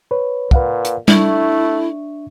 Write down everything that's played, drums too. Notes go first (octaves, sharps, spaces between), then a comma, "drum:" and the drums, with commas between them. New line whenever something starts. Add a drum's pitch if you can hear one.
B4 C#5
A#2 B4 F5 F#5, drum: kick
drum: hi-hat
A3 D4 E4 E5 C#6, drum: tom G3